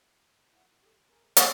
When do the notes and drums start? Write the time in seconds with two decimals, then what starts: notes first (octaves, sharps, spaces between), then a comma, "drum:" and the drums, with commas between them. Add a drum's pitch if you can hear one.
0.53 F#2 D#3 F#3 E4 F#4
0.81 G4 A4
1.09 G#4 A#4
1.36 drum: hi-hat